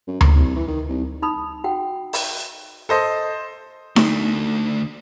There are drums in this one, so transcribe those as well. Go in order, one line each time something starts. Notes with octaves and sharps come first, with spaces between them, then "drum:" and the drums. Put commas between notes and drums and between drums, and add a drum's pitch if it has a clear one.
F#2
A#1, drum: tom D2
C2
E3
D#3
C2
D#4 B5 D#6
F#4 F#5 G5
drum: open hi-hat
A4 C5 D#5
D2 A3, drum: snare D#4